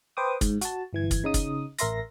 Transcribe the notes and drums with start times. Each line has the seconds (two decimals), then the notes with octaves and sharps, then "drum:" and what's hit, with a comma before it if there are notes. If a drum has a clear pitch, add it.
0.17 B4 C5 G5 D6 D#6
0.41 G#2, drum: kick, hi-hat
0.61 F#4 A5, drum: hi-hat
0.93 G1 E3 G#6
1.11 drum: kick, hi-hat
1.24 C#3 D#4 D#6
1.34 drum: kick, hi-hat
1.79 A1 A#4 E5 C6 A#6, drum: hi-hat